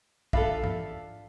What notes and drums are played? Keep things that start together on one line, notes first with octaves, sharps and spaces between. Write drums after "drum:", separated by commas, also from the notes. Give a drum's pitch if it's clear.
D4 F4 A4 E5 F5 B5, drum: kick
drum: tom G#2